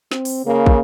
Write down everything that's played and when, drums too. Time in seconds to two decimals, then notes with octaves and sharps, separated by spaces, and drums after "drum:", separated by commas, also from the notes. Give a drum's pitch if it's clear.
0.11 C4, drum: snare
0.25 drum: open hi-hat
0.47 C#3 A#3
0.66 drum: kick